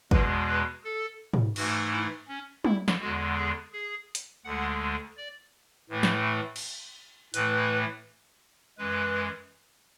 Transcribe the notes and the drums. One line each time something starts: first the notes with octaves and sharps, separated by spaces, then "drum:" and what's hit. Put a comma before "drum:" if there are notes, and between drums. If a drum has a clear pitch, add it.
E2 B2 G#3 B4, drum: kick G1
B4
A4
drum: tom
G#2 E3 A3 F#4, drum: cymbal
E4
C#4
E4, drum: tom
drum: snare
E2 D3 G#3 F#4
G#4
G#4
drum: hi-hat
D2 D3 G#3 F#5
D5
A2 E3 A3
drum: snare
drum: cymbal
A2 E3 A3 B4, drum: hi-hat
F#2 E3 G#3 B4